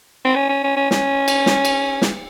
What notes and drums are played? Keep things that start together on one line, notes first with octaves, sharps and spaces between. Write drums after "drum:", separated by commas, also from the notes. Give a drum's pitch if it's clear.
C4
C#4
C#4
C#4
C#4
C#4, drum: snare
drum: cymbal
drum: snare
drum: cymbal
drum: snare